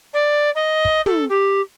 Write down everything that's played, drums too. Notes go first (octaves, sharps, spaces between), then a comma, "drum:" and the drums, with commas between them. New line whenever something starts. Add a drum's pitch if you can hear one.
D5
D#5
drum: kick
A4, drum: tom
G4